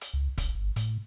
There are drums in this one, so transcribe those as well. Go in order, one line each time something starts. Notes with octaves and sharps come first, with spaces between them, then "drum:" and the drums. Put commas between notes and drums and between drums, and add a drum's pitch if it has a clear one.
drum: hi-hat
C#2
D#1, drum: kick, hi-hat
G1
A2, drum: hi-hat